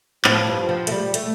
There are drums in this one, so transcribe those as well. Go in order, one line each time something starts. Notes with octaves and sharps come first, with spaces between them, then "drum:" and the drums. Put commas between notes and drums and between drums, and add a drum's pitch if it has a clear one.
A2 F3, drum: clap
G2
F3
A3, drum: hi-hat
G3
A3, drum: hi-hat